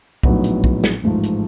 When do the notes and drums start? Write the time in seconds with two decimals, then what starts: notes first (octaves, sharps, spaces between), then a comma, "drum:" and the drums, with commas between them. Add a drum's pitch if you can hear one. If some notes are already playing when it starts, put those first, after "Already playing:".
0.23 A#1 A2 F#3 B3 D#4, drum: kick B1
0.44 drum: hi-hat
0.64 drum: kick B1
0.84 drum: snare
1.03 A1 G#2 F3 A3
1.23 drum: hi-hat